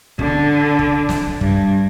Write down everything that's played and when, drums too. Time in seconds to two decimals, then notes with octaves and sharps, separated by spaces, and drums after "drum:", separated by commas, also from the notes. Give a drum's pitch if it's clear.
0.19 D3, drum: kick
0.79 drum: kick
1.09 drum: snare
1.41 G2, drum: kick